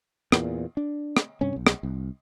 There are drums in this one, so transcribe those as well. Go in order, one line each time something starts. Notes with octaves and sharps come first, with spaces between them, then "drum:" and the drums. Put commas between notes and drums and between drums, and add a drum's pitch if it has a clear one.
E2 A#2, drum: rim click
D4
drum: rim click
G2 C3 C#4
B1
drum: rim click
C2